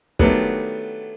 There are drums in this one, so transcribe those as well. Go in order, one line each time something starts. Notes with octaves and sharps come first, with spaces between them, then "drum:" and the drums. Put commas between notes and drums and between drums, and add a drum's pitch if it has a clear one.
D3 D#3 F#3 G3 A3 B3, drum: kick